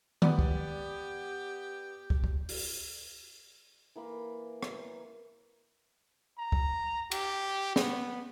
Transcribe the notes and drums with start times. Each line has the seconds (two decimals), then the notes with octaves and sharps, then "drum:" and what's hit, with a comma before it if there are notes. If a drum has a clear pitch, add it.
0.22 B3 G4 D5, drum: tom D#3
0.39 drum: kick
2.10 drum: kick
2.24 drum: kick
2.49 drum: open hi-hat
3.96 E3 A#3 B5
4.63 drum: rim click
6.38 A#5
6.52 drum: kick
7.11 G4, drum: cymbal
7.76 B3, drum: snare